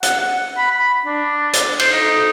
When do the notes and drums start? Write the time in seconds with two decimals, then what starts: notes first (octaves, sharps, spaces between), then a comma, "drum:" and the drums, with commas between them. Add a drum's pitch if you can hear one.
0.03 F#5, drum: hi-hat
0.20 F#5
0.57 B5
0.71 B5
1.06 D4
1.53 drum: hi-hat
1.79 C5, drum: cymbal
1.93 D#4